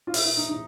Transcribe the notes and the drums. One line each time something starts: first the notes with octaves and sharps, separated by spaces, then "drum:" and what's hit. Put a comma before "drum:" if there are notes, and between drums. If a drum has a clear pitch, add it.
F4
E4, drum: open hi-hat
E4
D#4
D#4